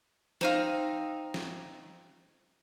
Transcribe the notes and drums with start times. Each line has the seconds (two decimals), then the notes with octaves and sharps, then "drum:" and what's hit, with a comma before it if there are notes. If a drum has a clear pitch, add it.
0.41 C4 D#4 F5, drum: snare
1.34 drum: snare